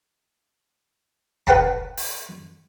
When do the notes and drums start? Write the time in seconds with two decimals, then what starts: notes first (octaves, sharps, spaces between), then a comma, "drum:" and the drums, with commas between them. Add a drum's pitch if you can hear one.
1.47 B4 F#5 G5 A5 A#5, drum: kick F1
1.97 drum: open hi-hat